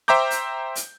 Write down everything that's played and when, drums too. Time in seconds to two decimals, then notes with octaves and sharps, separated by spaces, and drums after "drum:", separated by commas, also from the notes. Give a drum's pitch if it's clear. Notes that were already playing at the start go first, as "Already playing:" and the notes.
0.08 C5 E5 G5 A#5 D6 G6
0.31 drum: hi-hat
0.76 drum: hi-hat